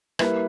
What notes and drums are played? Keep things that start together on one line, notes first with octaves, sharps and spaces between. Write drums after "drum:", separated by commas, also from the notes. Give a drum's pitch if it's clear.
G3 A#3 E4 B4, drum: rim click